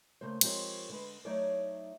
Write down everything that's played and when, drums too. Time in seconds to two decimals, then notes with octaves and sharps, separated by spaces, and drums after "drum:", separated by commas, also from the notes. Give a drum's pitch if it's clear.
0.21 C#3 A3 A#3 C5
0.41 F3 G#3 C4 G4 A#4 C#5, drum: cymbal
0.89 D3 G#3 B4
1.25 F#3 A3 D#4 E4 C#5 D5